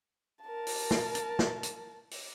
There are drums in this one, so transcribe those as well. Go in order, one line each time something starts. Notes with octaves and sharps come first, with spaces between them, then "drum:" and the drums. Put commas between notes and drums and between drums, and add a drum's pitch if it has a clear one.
A#4 A5
drum: open hi-hat
drum: snare
drum: hi-hat
drum: snare
drum: hi-hat
drum: open hi-hat